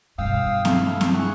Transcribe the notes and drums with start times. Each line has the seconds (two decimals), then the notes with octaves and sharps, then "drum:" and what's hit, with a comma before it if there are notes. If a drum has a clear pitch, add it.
0.18 G2 B2 F5 G5 D#6 E6
0.65 E4 A4, drum: snare
1.01 drum: snare
1.14 G#4 F#5 C#6